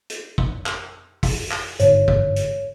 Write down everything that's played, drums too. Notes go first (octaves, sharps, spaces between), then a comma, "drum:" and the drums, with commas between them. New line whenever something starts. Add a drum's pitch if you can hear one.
drum: hi-hat
drum: kick
drum: clap
drum: kick, open hi-hat
drum: clap
G1 G#2 D3 C#5, drum: hi-hat
drum: kick
drum: hi-hat